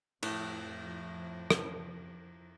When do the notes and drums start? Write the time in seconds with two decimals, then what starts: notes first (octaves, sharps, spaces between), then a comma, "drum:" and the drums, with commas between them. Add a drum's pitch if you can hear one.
0.23 F2 A2 F3, drum: cymbal
1.50 drum: rim click